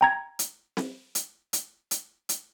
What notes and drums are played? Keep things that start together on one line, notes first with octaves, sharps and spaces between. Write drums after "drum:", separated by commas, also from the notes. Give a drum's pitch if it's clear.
G5 A#5 G#6
drum: hi-hat
drum: snare C4
drum: hi-hat
drum: hi-hat
drum: hi-hat
drum: hi-hat